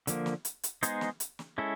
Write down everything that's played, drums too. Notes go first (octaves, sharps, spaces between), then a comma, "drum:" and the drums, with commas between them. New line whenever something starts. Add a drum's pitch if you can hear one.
D3 F3 A#3, drum: hi-hat
drum: snare
drum: hi-hat
drum: hi-hat
G#3 B3 D#4 G#4 C5, drum: hi-hat
drum: snare
drum: hi-hat
drum: snare
G#3 C#4 E4 A4